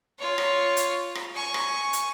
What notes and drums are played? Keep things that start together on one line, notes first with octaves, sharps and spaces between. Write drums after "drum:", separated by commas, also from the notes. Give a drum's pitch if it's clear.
F4 C#5
drum: rim click
drum: hi-hat
drum: rim click
G#5 C#6
drum: rim click
drum: hi-hat